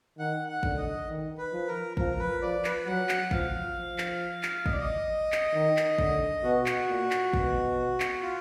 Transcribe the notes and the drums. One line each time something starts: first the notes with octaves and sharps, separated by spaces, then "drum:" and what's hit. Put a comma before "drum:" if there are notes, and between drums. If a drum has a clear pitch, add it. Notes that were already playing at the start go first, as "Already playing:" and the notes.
D#3 F#5
F#5
D3, drum: kick
D#5
D#3
B4
F3
A#4
F3 A#4, drum: kick
B4
F3 D5
B4, drum: clap
F#3 F#5
drum: clap
F3 F5, drum: kick
F3
drum: clap
drum: clap
D#5, drum: kick
D5
D#5
drum: clap
D#3
drum: clap
D3, drum: kick
B2 F#4
drum: clap
A#2
drum: clap
B2, drum: kick
drum: clap
F4